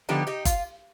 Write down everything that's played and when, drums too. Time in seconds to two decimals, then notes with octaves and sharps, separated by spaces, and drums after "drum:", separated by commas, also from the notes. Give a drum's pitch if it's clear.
0.09 D3 F3 B3 D#4 G4
0.27 D#4 G4
0.45 F4, drum: kick G1, hi-hat